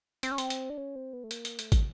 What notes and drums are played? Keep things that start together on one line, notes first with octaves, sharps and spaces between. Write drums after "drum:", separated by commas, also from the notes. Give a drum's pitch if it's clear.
C4, drum: hi-hat
C#4
C4, drum: hi-hat
drum: hi-hat
D4
C#4
C4
B3
A3
A#3, drum: hi-hat
drum: hi-hat
A3, drum: hi-hat
drum: kick, hi-hat